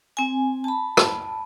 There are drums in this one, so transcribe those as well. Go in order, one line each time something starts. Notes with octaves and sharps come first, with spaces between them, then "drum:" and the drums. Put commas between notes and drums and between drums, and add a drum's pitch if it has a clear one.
C4 G#5
A5 B5
drum: rim click